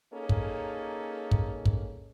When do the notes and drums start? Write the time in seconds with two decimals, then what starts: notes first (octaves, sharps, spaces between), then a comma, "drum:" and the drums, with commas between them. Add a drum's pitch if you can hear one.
0.12 A#3 C#4 D#4 G#4 A4
0.29 drum: kick
1.31 drum: kick
1.65 drum: kick